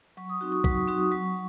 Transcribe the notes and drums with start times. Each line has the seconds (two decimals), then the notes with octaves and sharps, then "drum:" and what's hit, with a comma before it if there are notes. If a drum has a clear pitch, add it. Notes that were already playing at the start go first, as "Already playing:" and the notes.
0.17 F#3 C#6
0.29 D#6
0.41 C4 D#4 F#4
0.52 C#6
0.64 F#3 C#6, drum: kick
0.87 C4 D#4 F#4 D#6
1.11 F#3 C#6